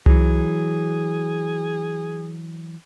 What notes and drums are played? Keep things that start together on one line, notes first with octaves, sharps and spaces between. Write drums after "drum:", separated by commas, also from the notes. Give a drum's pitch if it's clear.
E3 F#3 G#4, drum: tom C2